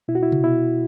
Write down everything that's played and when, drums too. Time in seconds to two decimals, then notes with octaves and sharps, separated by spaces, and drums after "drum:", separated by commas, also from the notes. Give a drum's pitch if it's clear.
0.08 B2 E4
0.15 F#4
0.23 E4
0.32 drum: tom C3
0.44 B2 E4